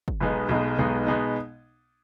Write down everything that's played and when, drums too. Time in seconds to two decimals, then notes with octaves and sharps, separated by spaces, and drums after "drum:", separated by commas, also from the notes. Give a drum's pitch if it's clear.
0.08 drum: kick
0.20 B1 B2 G#3 B3 D#4
0.49 B1 B2 G#3 B3 D#4, drum: tom
0.78 B1 B2 G#3 B3 D#4
1.07 B2 G#3 B3 D#4